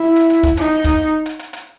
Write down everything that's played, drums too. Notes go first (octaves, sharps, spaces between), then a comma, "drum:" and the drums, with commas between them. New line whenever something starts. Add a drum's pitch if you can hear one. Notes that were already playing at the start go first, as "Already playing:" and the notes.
Already playing: E4
drum: hi-hat
drum: hi-hat
drum: kick, hi-hat
D#4, drum: hi-hat
drum: kick, hi-hat
drum: hi-hat
drum: hi-hat
drum: hi-hat